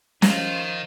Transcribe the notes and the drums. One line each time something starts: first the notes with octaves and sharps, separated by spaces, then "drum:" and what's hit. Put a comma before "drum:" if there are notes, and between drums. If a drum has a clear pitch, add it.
D#3 F3 F4 C5, drum: snare